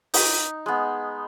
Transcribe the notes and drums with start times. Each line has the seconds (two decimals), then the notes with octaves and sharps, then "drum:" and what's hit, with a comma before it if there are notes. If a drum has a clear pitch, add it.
0.14 D#4, drum: open hi-hat
0.66 G#3 B3